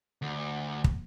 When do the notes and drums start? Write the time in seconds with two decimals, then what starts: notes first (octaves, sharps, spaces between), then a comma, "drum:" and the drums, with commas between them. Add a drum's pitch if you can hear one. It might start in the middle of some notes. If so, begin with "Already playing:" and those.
0.22 D2
0.84 drum: kick